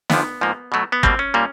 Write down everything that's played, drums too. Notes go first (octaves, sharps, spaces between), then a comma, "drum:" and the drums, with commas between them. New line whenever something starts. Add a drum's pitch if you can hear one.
F2 D3 F3 B3, drum: snare
G#2 F3 A#3
B2 F#3 A3
B3
B2 G3 A#3 C4, drum: kick
C#4
A#2 G3 A#3